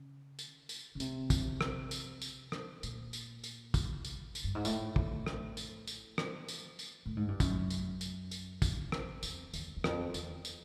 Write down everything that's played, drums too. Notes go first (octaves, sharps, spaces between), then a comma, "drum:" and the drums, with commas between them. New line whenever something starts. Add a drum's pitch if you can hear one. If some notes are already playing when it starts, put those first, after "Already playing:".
Already playing: C#3
drum: tambourine
drum: tambourine
C#3
C3, drum: tambourine
drum: kick, tambourine
drum: rim click
drum: tambourine
drum: tambourine
drum: rim click
A#2, drum: tambourine
drum: tambourine
drum: tambourine
drum: kick, tambourine
drum: tambourine
drum: tambourine
G2
G#2
A2, drum: tambourine
drum: kick
drum: rim click
drum: tambourine
drum: tambourine
drum: rim click
drum: tambourine
drum: tambourine
A2
G#2
G2
F#2, drum: kick, tambourine
drum: tambourine
drum: tambourine
drum: tambourine
drum: kick, tambourine
drum: rim click
F2, drum: tambourine
E2, drum: tambourine
E2
F2, drum: rim click
E2, drum: tambourine
drum: tambourine